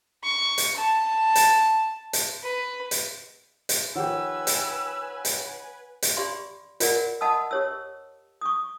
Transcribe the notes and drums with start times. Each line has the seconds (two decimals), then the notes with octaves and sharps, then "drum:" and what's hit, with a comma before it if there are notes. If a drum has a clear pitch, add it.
0.24 C#6
0.58 drum: hi-hat
0.76 A5
1.35 drum: hi-hat
2.13 drum: hi-hat
2.43 B4
2.91 drum: hi-hat
3.69 drum: hi-hat
3.95 D#3 F3 G4 B4 C#5 F#5 G#5 E6
4.47 drum: hi-hat
5.25 drum: hi-hat
6.02 drum: hi-hat
6.17 G4 D5 F5 B5 C6
6.80 F4 A#4 D5 F#5, drum: hi-hat
7.21 D#5 F#5 A5 B5 D#6 E6
7.51 G4 C#5 E6
8.41 C#6 D#6